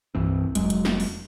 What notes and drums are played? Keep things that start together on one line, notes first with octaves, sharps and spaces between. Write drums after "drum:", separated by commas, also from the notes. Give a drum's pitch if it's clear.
C2 G2 E3 C4
F1 F#3 G#3, drum: hi-hat
drum: hi-hat
drum: snare
drum: open hi-hat